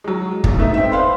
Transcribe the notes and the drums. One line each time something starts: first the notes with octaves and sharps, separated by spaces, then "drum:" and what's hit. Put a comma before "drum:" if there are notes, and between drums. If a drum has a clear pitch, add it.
F#3 G#3
B1 G#3, drum: kick
A3 B3 D#4 E5
C4 E5
B4 C5 F5 C6